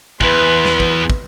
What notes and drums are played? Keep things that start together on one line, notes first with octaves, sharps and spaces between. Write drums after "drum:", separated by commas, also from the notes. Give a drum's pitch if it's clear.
E2 E3 B4 C6, drum: kick
drum: snare
drum: kick
drum: kick